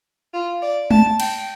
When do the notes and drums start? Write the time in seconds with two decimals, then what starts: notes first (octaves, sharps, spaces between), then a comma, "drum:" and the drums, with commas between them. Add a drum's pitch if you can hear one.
0.34 F4
0.62 D5
0.91 A5, drum: tom G#3
1.20 G5, drum: cymbal